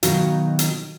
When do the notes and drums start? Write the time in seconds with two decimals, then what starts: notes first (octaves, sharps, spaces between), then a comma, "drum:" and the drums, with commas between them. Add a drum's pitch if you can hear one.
0.03 B2 D#3 F#3 D#4 F#4 F5, drum: hi-hat
0.59 drum: hi-hat